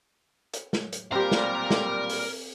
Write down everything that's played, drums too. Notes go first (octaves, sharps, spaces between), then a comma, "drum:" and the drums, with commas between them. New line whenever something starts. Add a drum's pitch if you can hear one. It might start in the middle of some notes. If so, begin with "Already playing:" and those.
drum: hi-hat
drum: snare
drum: hi-hat
A#2 G3 C4 G4 A#4 A#5
drum: snare
drum: snare
drum: open hi-hat